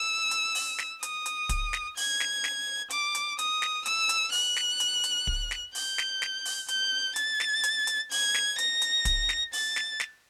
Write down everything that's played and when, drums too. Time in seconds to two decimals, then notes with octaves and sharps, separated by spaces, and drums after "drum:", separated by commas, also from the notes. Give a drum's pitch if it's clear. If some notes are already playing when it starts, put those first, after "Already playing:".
Already playing: E6
0.31 drum: hi-hat
0.55 drum: open hi-hat
0.78 drum: snare
1.03 D#6, drum: hi-hat
1.26 drum: hi-hat
1.49 drum: kick, hi-hat
1.73 drum: snare
1.97 G#6, drum: open hi-hat
2.20 drum: snare
2.44 drum: snare
2.90 D6, drum: hi-hat
3.15 drum: hi-hat
3.39 D#6, drum: hi-hat
3.62 drum: snare
3.86 E6, drum: hi-hat
4.09 drum: hi-hat
4.32 F#6, drum: open hi-hat
4.56 drum: snare
4.80 drum: hi-hat
5.04 drum: hi-hat
5.27 drum: kick
5.51 drum: snare
5.75 G6, drum: open hi-hat
5.98 drum: snare
6.22 drum: snare
6.45 drum: open hi-hat
6.68 G6, drum: hi-hat
7.16 A6, drum: hi-hat
7.40 drum: snare
7.63 drum: hi-hat
7.87 drum: hi-hat
8.11 G#6, drum: open hi-hat
8.34 drum: snare
8.58 A#6, drum: hi-hat
8.82 drum: hi-hat
9.05 drum: kick, hi-hat
9.29 drum: snare
9.53 A6, drum: open hi-hat
9.76 drum: snare
10.00 drum: snare